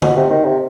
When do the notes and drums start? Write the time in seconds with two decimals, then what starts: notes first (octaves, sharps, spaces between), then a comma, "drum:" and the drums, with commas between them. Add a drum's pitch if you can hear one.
0.02 B2, drum: tom D3
0.16 C3
0.30 D#3
0.45 C3